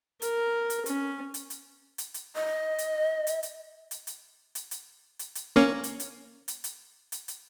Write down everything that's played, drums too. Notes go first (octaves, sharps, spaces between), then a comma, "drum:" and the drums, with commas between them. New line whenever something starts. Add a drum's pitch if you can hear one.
A#4, drum: hi-hat
drum: hi-hat
C#4, drum: hi-hat
drum: hi-hat
drum: hi-hat
drum: hi-hat
drum: hi-hat
D#5
drum: hi-hat
drum: hi-hat
drum: hi-hat
drum: hi-hat
drum: hi-hat
drum: hi-hat
drum: hi-hat
drum: hi-hat
drum: hi-hat
A#3 C#4
drum: hi-hat
drum: hi-hat
drum: hi-hat
drum: hi-hat
drum: hi-hat
drum: hi-hat